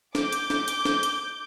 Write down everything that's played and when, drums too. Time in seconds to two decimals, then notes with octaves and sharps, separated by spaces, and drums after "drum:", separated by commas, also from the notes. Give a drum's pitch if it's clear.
0.15 D6 G6, drum: snare
0.32 drum: hi-hat
0.50 drum: snare
0.68 drum: hi-hat
0.85 drum: snare
1.03 drum: hi-hat